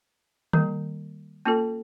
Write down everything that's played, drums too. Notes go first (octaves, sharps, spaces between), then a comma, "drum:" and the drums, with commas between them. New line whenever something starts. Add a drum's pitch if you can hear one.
D#3 G3 A#3, drum: tom D#3
A#3 C#4 F4 A4